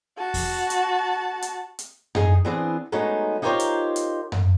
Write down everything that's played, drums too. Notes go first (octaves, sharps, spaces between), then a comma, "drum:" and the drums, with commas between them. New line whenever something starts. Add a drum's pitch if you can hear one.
F#4 A5
drum: kick E2, open hi-hat
drum: hi-hat
drum: hi-hat
drum: hi-hat
D#4 G#4, drum: tom F#2
E3 B3 C4 D4 G#4
F#3 G#3 A3 B3 C#4 D#4
D#4 F4 G4 A#4 C5 C#5
drum: hi-hat
drum: hi-hat
drum: tom F#2